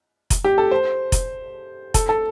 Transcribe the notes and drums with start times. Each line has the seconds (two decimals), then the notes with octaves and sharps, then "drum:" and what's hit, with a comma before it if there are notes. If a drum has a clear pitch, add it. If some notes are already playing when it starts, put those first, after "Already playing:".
0.30 drum: kick F1, hi-hat
0.44 G4
0.58 A4
0.71 C5
1.12 drum: kick F1, hi-hat
1.94 A4, drum: kick F1, hi-hat
2.09 A4